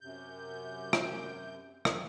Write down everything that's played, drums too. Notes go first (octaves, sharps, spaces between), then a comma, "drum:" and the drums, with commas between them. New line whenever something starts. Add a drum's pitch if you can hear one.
F#2 C3 G6
drum: rim click
drum: rim click